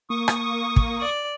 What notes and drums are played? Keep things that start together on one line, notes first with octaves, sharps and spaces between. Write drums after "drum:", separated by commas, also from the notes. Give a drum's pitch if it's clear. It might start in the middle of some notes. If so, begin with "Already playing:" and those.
A#3 C#6 D#6
drum: rim click
drum: kick
D5